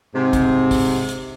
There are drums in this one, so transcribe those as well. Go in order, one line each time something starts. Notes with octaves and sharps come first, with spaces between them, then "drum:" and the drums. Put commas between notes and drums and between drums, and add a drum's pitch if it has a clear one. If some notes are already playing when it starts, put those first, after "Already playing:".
G#2 C3
drum: kick, hi-hat
drum: kick, open hi-hat
drum: hi-hat